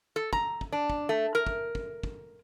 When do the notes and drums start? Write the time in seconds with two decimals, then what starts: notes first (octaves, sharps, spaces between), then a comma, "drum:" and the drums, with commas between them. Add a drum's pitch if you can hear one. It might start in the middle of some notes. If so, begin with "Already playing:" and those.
0.16 A4
0.33 A#5, drum: kick
0.61 drum: kick
0.73 D4
0.90 drum: kick
1.09 A3
1.35 A#4
1.47 drum: kick
1.75 drum: kick
2.03 drum: kick